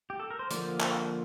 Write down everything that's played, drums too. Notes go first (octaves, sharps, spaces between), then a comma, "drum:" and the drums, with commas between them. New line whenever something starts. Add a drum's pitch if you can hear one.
G4
A4
A#4
C5
D3 F3 A#3 D5, drum: hi-hat
drum: clap